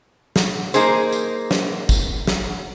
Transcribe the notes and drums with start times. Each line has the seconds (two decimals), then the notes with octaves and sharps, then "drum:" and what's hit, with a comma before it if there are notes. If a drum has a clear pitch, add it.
0.36 drum: snare
0.74 A#3 D#4 G#4 C5, drum: tambourine
1.12 drum: tambourine
1.51 drum: snare
1.89 drum: kick, tambourine
2.27 drum: snare